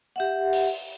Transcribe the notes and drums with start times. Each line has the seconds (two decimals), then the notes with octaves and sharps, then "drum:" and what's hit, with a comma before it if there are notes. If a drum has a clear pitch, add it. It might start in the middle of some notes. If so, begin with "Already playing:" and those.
0.16 G4 E5 F#5
0.53 drum: open hi-hat